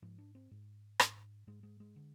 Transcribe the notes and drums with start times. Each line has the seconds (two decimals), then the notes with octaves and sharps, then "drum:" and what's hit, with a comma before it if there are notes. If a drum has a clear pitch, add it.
0.02 G#2 F3
0.18 D4
0.35 C4
0.51 G#2
1.00 G#2, drum: rim click
1.47 G#2 G#3
1.63 G#3
1.80 G#3
1.96 D3